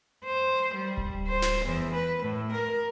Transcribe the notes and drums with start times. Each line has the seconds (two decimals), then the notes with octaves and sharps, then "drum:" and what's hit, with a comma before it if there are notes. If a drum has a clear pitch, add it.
0.25 C5
0.74 G3
0.97 drum: kick D1
1.27 C5
1.42 drum: snare
1.65 E2
1.93 B4
2.22 A2
2.51 A#4